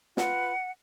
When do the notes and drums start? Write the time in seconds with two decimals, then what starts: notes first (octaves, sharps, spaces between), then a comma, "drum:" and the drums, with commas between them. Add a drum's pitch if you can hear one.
0.17 F4 B4 F#5, drum: snare